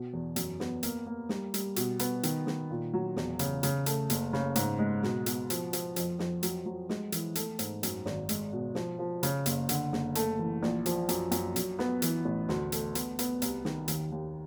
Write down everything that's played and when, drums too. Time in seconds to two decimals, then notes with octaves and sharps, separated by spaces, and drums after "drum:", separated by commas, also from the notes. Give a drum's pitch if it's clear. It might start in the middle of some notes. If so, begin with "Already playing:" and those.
Already playing: B2
0.13 E2
0.36 F#2, drum: hi-hat
0.60 B3, drum: snare
0.83 A#3, drum: hi-hat
1.07 A#3
1.29 G3, drum: snare
1.54 G3, drum: hi-hat
1.76 B2, drum: hi-hat
1.99 B3, drum: hi-hat
2.23 D#3, drum: hi-hat
2.47 D#3, drum: snare
2.70 A#2
2.94 F#3
3.17 E1, drum: snare
3.39 C#3, drum: hi-hat
3.63 C#3, drum: hi-hat
3.86 A3, drum: hi-hat
4.10 F#1, drum: hi-hat
4.33 C#3, drum: snare
4.56 G#2, drum: hi-hat
4.79 G#3
5.03 B2, drum: snare
5.26 B2, drum: hi-hat
5.50 F3, drum: hi-hat
5.73 F3, drum: hi-hat
5.96 F2, drum: hi-hat
6.19 F2, drum: snare
6.43 F#3, drum: hi-hat
6.66 F#3
6.89 G#3, drum: snare
7.12 E3, drum: hi-hat
7.35 A3, drum: hi-hat
7.59 G#2, drum: hi-hat
7.83 F#2, drum: hi-hat
8.06 G#1, drum: snare
8.29 G#3, drum: hi-hat
8.53 B2
8.75 F3, drum: snare
8.99 F3
9.23 C#3, drum: hi-hat
9.46 F#1, drum: hi-hat
9.69 D3, drum: hi-hat
9.93 F#1, drum: snare
10.15 A3, drum: hi-hat
10.39 E3
10.63 A#1, drum: snare
10.86 F3, drum: hi-hat
11.09 F#2, drum: hi-hat
11.32 F#2, drum: hi-hat
11.56 F#2, drum: hi-hat
11.79 B3, drum: snare
12.02 E3, drum: hi-hat
12.25 A1
12.49 D2, drum: snare
12.72 A3, drum: hi-hat
12.95 B3, drum: hi-hat
13.19 B3, drum: hi-hat
13.42 C2, drum: hi-hat
13.65 D#3, drum: snare
13.88 D#2, drum: hi-hat
14.12 D#2